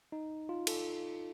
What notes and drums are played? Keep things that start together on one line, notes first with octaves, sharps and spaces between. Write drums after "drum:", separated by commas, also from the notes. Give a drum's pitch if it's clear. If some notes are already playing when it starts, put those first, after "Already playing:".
D#4
F4
A4, drum: cymbal